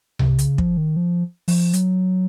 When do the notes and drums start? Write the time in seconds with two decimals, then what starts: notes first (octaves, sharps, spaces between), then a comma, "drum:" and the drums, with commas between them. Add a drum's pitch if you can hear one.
0.19 C3, drum: tom C2
0.39 C#3, drum: hi-hat
0.58 F3, drum: kick
0.77 D#3
0.96 F3
1.48 F3, drum: open hi-hat
1.73 F#3, drum: hi-hat